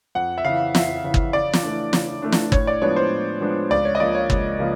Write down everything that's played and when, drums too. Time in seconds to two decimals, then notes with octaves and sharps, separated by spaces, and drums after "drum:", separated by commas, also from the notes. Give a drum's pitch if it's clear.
0.15 F2 F#5
0.38 E5
0.45 C#3 E3 F5
0.75 F2 E5, drum: snare
1.04 C#3 E3
1.14 drum: kick
1.33 C#3 D5
1.53 drum: snare
1.63 E3 A3 D4
1.93 C#3, drum: snare
2.22 E3 A3 D4
2.32 drum: snare
2.52 A2 C#5, drum: kick
2.67 D5
2.82 F3 G#3 B3 D4 C#5
2.96 C5
3.11 A2
3.41 F3 G#3 B3 D4
3.70 C#2 D5
3.85 C#5
3.95 D#5
4.00 C#3 F3 A#3 D5
4.15 C#5
4.30 C#2, drum: kick
4.59 C#3 F3 A#3